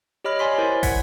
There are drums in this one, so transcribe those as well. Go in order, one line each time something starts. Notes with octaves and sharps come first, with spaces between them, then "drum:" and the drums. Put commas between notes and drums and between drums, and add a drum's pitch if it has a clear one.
G4 C#5 D#5 B5 F6
C#5 D5 G#5 C6 B6
E4 A#4 C5
E4 F#5 G#6 B6, drum: kick, open hi-hat